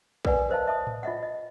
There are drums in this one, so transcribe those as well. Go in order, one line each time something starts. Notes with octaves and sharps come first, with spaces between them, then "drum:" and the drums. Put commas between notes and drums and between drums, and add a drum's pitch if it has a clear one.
A#4 B4 D5 F#5 G#5, drum: kick
A#4 C5 D#5 F5 A5
E5 A5 D#6
drum: tom A2
F4 D#5 E5 F#5
D#5